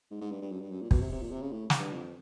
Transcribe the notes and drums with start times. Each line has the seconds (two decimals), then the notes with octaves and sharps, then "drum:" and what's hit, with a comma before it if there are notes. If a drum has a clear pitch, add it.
0.11 G#2
0.21 G#2
0.31 G2
0.41 G2
0.51 F#2
0.61 G2
0.71 F#2
0.81 A#2
0.91 B2, drum: kick
1.01 C3
1.12 C3
1.22 A#2
1.31 C3
1.42 C#3
1.52 A2
1.70 drum: snare
1.79 G2
1.93 F2